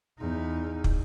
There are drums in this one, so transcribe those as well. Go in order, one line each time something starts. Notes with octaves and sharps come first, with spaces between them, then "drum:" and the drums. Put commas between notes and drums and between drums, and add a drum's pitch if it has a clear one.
E2 D#4
drum: kick